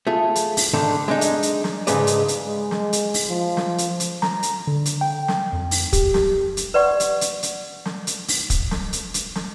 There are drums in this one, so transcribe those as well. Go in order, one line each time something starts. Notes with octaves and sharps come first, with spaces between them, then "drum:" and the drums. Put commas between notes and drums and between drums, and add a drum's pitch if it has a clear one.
A3 F4 G#4
drum: hi-hat
drum: open hi-hat
G#2 D3 D#3 A3
G#3 D4 D#4
drum: hi-hat
drum: hi-hat
drum: snare
D2 G#2 C#3 G#3 B4 D5, drum: hi-hat
drum: hi-hat
drum: hi-hat
G#3
drum: snare
drum: hi-hat
drum: open hi-hat
F3
drum: snare
drum: hi-hat
drum: hi-hat
A#5, drum: snare
drum: hi-hat
D3
drum: hi-hat
G5
drum: snare
F2
drum: open hi-hat
G4, drum: kick, hi-hat
drum: snare
drum: hi-hat
B4 D5 F#5 C#6
drum: hi-hat
drum: hi-hat
drum: hi-hat
drum: snare
drum: hi-hat
drum: open hi-hat
drum: kick, hi-hat
drum: snare
drum: hi-hat
drum: hi-hat
drum: snare